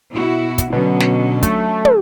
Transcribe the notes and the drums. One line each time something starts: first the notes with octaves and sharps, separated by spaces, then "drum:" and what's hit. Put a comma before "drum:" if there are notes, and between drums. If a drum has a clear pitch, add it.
B2 E4 F#4
drum: kick, hi-hat
B2 D3 F#3 C#4
drum: snare
A3, drum: kick, hi-hat
drum: tom